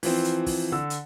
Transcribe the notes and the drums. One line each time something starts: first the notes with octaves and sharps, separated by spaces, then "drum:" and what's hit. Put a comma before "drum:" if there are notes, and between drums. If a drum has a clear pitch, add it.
E3 F3 C4, drum: open hi-hat
drum: hi-hat
drum: kick, open hi-hat
D3 E6
drum: hi-hat